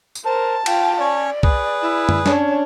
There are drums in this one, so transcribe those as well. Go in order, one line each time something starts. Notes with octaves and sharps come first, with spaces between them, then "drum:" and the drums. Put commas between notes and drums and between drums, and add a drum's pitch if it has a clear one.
drum: tambourine
A#4 C5 A5
F4 G5, drum: cymbal
C#4 C#5 D5
G#4 B4, drum: kick C2
E4
drum: tom F#2
C#4 D4 C#5, drum: snare